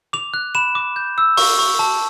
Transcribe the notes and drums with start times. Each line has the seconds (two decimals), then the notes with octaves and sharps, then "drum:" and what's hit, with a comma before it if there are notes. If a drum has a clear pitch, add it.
0.13 D6 F7
0.34 F#6
0.55 B5 E7
0.75 D6
0.96 G6
1.18 E6
1.37 C#6, drum: open hi-hat
1.59 C#6
1.79 A5